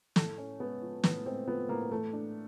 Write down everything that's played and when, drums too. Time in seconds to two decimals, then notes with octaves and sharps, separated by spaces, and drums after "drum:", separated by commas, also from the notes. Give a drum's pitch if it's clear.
0.16 A2 A3, drum: snare
0.38 C#4
0.59 G#3 B3
0.82 F3
1.04 A2 B3, drum: snare
1.26 G#3 C4
1.48 F3 B3
1.69 A2 A#3
1.91 E3 A3
2.13 D4